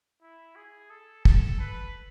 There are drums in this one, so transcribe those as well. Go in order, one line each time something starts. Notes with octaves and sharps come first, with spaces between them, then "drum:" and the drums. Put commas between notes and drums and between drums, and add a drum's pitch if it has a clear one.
E4
G#4
A4
A4, drum: kick
B4